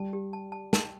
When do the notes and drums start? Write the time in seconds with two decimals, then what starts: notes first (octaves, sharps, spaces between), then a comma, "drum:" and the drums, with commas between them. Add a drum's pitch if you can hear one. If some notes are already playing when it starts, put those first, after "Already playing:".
Already playing: G3 A5
0.13 G4
0.33 A5
0.52 A5
0.73 A5, drum: snare